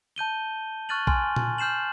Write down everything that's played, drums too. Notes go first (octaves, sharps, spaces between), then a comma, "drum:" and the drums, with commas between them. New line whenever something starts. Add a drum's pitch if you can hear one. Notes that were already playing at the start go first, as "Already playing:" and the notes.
A5 G6 D#7 G7
C#6 F6 F#6 A6 D#7 F#7
G#5 C6 F6, drum: kick A#1
drum: tom A#2
F6 G6 C7 E7 F#7